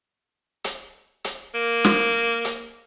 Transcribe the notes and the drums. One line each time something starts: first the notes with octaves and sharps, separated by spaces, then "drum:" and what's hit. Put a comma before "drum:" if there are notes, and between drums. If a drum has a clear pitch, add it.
drum: hi-hat
drum: hi-hat
A#3
drum: snare
drum: hi-hat